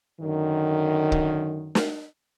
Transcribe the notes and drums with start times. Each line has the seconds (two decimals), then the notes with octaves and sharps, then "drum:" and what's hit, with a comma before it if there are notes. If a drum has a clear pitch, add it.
0.21 F#2 D3 D#3
1.12 drum: kick
1.75 drum: snare